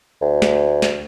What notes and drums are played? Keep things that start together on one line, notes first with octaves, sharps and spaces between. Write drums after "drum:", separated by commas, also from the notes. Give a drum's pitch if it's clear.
D2
drum: snare
drum: snare